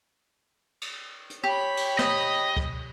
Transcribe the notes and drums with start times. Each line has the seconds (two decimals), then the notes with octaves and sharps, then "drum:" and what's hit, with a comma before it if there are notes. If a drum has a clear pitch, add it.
0.81 drum: cymbal
1.30 drum: hi-hat
1.44 G4 C#5 B5
1.77 drum: cymbal
1.99 D#5, drum: snare
2.57 drum: kick